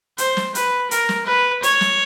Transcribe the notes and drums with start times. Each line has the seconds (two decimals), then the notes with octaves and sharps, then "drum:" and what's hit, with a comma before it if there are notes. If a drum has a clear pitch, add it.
0.18 C5, drum: hi-hat
0.37 drum: snare
0.55 B4, drum: hi-hat
0.91 A#4, drum: hi-hat
1.09 drum: snare
1.26 B4
1.63 C#5, drum: hi-hat
1.81 drum: snare